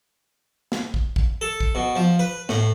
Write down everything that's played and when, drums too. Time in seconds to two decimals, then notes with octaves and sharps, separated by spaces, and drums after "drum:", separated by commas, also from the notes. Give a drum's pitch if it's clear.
0.72 drum: snare
0.94 drum: kick
1.16 drum: kick
1.41 A4
1.60 drum: kick
1.75 B2
1.96 F3
2.19 B4
2.49 A2, drum: snare